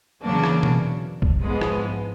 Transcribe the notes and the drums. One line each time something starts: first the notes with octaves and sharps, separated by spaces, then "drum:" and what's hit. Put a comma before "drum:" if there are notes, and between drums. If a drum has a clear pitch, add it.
E2 C#3 F#3 A#3 D4
drum: rim click
drum: tom B2
drum: kick
G#1 G#2 F3 G#3 B3
drum: rim click